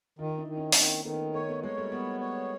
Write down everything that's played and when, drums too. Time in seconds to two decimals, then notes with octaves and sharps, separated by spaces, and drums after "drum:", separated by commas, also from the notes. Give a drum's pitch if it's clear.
0.19 D#3 D#4 F4
0.29 D#4
0.38 D4 E4
0.47 D#3
0.57 C#4 D#4
0.72 C#4, drum: open hi-hat
0.76 D#3 A#3 C4
1.05 D#3 A3 B3
1.34 A3 B3 C#5
1.49 A3 B3
1.63 G#3 A#3 C#5
1.78 G3 A3
1.92 G3 B3
2.20 C#5